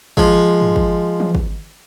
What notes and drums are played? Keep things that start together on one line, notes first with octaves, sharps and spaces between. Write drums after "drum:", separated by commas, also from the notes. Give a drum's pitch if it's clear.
F3 G#3, drum: kick
drum: tom G2
drum: kick
drum: tom E3
drum: kick